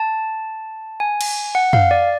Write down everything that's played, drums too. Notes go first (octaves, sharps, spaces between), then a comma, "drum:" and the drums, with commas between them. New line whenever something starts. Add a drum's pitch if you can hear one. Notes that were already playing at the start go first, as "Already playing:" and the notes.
Already playing: A5
G#5
drum: cymbal
F#5
F5, drum: tom
D5